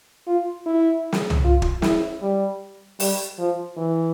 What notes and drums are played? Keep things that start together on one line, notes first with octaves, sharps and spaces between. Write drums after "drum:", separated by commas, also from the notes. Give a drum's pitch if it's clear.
F4
E4
drum: snare
drum: tom
F4
drum: kick
E4, drum: snare
G3
G3, drum: open hi-hat
F3
E3